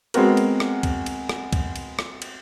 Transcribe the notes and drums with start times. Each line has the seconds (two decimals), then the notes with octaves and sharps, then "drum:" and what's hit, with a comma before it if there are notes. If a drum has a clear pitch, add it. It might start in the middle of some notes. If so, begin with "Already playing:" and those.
0.14 G#3 B3 C4 F#4 A#4, drum: cymbal
0.37 drum: cymbal
0.60 drum: rim click
0.83 drum: kick, cymbal
1.06 drum: cymbal
1.29 drum: rim click
1.53 drum: kick, cymbal
1.76 drum: cymbal
1.99 drum: rim click
2.22 drum: cymbal